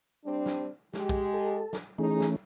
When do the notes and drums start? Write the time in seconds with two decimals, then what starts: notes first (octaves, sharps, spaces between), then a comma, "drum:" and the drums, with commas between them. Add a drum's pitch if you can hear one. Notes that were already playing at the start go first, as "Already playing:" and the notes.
0.25 G3 C4 D4
0.46 drum: snare
0.94 G#3 G4, drum: snare
1.09 drum: kick
1.34 A4
1.73 drum: snare
1.98 E3 A3 C#4 D#4 G#4
2.20 drum: snare